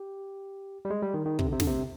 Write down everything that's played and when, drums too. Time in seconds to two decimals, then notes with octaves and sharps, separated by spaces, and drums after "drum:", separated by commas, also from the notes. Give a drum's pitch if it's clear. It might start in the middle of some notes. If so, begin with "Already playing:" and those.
Already playing: G4
0.85 G3
0.90 G#3
1.02 G3
1.14 D#3
1.26 D#3
1.39 C3, drum: kick
1.46 D3
1.53 C3
1.60 D3, drum: snare
1.67 C3